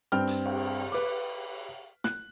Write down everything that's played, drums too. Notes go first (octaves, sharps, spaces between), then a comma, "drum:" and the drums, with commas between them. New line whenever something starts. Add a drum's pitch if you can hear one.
G2 C4 G5 F6
drum: hi-hat
drum: cymbal
B4 D6
F#6, drum: snare